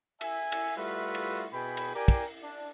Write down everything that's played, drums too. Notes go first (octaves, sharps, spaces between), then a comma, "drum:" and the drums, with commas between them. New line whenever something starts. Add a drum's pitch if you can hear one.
E5 G#5, drum: cymbal
drum: cymbal
G3 A3 F4 F#4 B4 E5
drum: cymbal
B2 G#4 G5 G#5 B5
drum: cymbal
G4 A#4 D5 G5 G#5
drum: kick, cymbal
D4